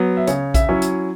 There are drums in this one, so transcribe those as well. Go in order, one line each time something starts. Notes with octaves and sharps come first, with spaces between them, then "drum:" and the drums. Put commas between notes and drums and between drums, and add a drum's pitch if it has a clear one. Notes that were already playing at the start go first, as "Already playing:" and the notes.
Already playing: F#3 B3
E5
C#3 C#5, drum: hi-hat
E5, drum: kick A#1, hi-hat
F#3 C#4 E4
drum: hi-hat